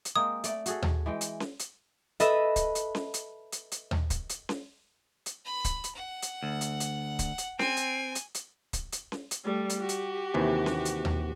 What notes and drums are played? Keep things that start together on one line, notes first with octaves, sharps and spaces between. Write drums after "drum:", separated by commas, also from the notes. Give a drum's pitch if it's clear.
drum: hi-hat
G#3 A#3 C4 D#6
A3 D5, drum: hi-hat
F#4 G#4 A4, drum: hi-hat
drum: tom D#2
E3 G#3 G5
drum: hi-hat
drum: snare C#4
drum: hi-hat
A4 B4 D#5 E5 B5, drum: hi-hat
drum: kick D1, hi-hat
drum: hi-hat
drum: snare C#4
drum: hi-hat
drum: hi-hat
drum: hi-hat
drum: tom D#2
drum: kick D1, hi-hat
drum: hi-hat
drum: snare C#4
drum: hi-hat
B5
drum: kick D1, hi-hat
drum: hi-hat
F#5
drum: hi-hat
D2
drum: hi-hat
drum: hi-hat
drum: kick D1, hi-hat
drum: hi-hat
C4 G#5, drum: snare C#4
drum: hi-hat
drum: hi-hat
drum: hi-hat
drum: kick D1, hi-hat
drum: hi-hat
drum: snare C#4
drum: hi-hat
G3 A3
drum: hi-hat
F#4 G4
drum: hi-hat
D#2 C3 E3
drum: snare C#4
drum: hi-hat
drum: tom D#2